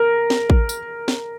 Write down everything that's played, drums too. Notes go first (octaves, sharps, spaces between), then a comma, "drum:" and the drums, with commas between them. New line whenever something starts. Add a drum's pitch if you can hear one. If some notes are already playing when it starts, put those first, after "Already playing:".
Already playing: A#4
drum: snare
drum: kick
drum: tambourine
drum: snare